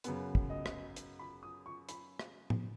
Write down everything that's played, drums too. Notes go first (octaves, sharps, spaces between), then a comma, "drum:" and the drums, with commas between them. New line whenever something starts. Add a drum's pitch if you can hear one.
F#2 C#3 B3 B4, drum: hi-hat
drum: kick
D#5
drum: rim click
drum: hi-hat
B5
D#6
C#6
B5, drum: hi-hat
drum: rim click
drum: tom A2